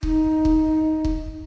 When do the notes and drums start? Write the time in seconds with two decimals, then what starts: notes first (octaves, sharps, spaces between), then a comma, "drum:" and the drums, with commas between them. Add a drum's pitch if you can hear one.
0.03 D#4, drum: kick
0.45 drum: kick
1.05 drum: kick